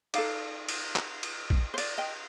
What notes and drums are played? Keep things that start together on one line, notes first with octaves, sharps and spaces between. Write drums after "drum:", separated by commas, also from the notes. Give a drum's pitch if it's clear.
D#4 A4 D5 F5, drum: cymbal
drum: cymbal
drum: clap
drum: cymbal
drum: kick
C5
D5, drum: cymbal
D#5 G5